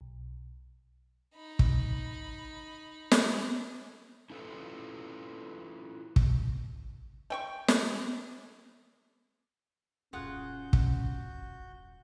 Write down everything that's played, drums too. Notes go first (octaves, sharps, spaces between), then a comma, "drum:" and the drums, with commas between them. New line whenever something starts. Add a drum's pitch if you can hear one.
B1
D#4 B5
drum: kick
drum: snare
C#4 E4 F4 A4 B4
drum: kick
A3 G5 C#6
drum: snare
D#1 F#2 C#4 F4 F#4 G#4 F#5 G6
drum: kick